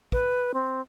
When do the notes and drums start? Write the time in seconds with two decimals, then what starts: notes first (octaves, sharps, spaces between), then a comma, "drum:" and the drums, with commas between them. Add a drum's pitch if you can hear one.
0.12 B4, drum: kick
0.54 C4